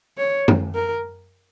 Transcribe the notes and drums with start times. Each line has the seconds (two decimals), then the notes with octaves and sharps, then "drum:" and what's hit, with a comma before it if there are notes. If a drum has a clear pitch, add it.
0.18 C#5
0.48 drum: tom F#2
0.75 A#4